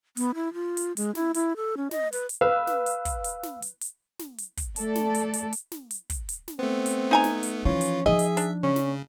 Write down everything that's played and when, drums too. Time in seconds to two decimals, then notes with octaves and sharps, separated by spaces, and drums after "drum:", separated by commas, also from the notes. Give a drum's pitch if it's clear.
0.17 B3, drum: hi-hat
0.35 E4
0.54 F4
0.77 drum: hi-hat
0.97 G#3, drum: hi-hat
1.15 E4, drum: snare
1.34 E4, drum: hi-hat
1.57 A4
1.77 C#4
1.91 D#5, drum: snare
2.13 B4, drum: hi-hat
2.29 drum: hi-hat
2.41 B4 F5 E6
2.67 drum: snare
2.86 drum: hi-hat
3.05 drum: kick, hi-hat
3.24 drum: hi-hat
3.43 drum: snare
3.62 drum: hi-hat
3.81 drum: hi-hat
4.19 drum: snare
4.38 drum: hi-hat
4.57 drum: kick, hi-hat
4.76 A3 A4 D5, drum: hi-hat
4.95 drum: snare
5.14 drum: hi-hat
5.34 drum: hi-hat
5.53 drum: hi-hat
5.72 drum: snare
5.91 drum: hi-hat
6.10 drum: kick, hi-hat
6.29 drum: hi-hat
6.48 drum: snare
6.59 A3 B3 C4
6.86 drum: hi-hat
7.11 D#4 G#5 A#5
7.24 drum: snare
7.43 drum: hi-hat
7.65 E3 F3 C#4 E4 F4
7.81 drum: hi-hat
8.06 F3 D#4 G#4 D#5 E5
8.19 drum: hi-hat
8.37 D4, drum: hi-hat
8.63 C#3 C#4
8.76 drum: snare